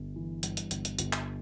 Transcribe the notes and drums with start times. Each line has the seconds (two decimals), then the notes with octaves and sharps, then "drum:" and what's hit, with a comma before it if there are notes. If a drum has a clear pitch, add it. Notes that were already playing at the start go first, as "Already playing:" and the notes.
Already playing: G1
0.16 E3
0.43 G2, drum: hi-hat
0.57 drum: hi-hat
0.71 G1, drum: hi-hat
0.85 drum: hi-hat
0.99 G1, drum: hi-hat
1.13 drum: clap